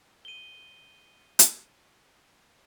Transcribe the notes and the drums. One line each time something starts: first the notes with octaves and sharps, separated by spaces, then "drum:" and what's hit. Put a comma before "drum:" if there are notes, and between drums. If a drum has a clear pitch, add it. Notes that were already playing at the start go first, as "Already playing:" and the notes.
D#7 G7
drum: hi-hat